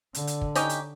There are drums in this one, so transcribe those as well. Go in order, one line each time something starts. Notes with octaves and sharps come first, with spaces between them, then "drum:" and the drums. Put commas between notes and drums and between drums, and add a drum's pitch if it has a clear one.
D3, drum: hi-hat
drum: hi-hat
drum: kick
C#4 D#4 G4, drum: hi-hat
drum: hi-hat